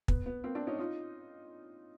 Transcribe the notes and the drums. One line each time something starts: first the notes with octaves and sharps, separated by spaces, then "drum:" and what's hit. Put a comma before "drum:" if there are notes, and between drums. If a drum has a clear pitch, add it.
B3, drum: kick
B3
A#3 C4
C4 D4
C#4 D#4
D#4 F4